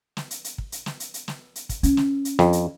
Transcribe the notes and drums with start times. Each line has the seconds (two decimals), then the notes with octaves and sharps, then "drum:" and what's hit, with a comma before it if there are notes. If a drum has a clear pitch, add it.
0.17 drum: snare
0.31 drum: hi-hat
0.44 drum: hi-hat
0.58 drum: kick
0.72 drum: hi-hat
0.86 drum: snare
1.00 drum: hi-hat
1.14 drum: hi-hat
1.28 drum: snare
1.56 drum: hi-hat
1.69 drum: kick, hi-hat
1.83 C#4, drum: hi-hat
1.97 drum: snare
2.25 drum: hi-hat
2.39 F2, drum: snare
2.53 drum: hi-hat